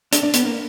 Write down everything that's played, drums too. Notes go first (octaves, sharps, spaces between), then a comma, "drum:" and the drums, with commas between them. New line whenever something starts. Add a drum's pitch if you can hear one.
D4, drum: hi-hat
D4
B3, drum: hi-hat
A#3